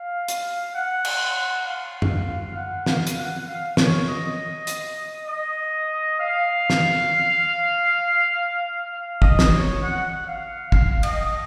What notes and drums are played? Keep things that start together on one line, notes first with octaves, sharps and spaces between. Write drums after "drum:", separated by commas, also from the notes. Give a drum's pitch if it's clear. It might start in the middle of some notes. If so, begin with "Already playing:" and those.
Already playing: F5
drum: hi-hat
F#5
drum: cymbal
F5
drum: tom
F#5
F5, drum: snare
drum: hi-hat
F#5
F5
C#5, drum: snare
D#5
drum: hi-hat
D#5
F5
drum: snare
F5
D#5, drum: kick
drum: snare
C#5
F#5
F5
F5, drum: kick
D#5, drum: cymbal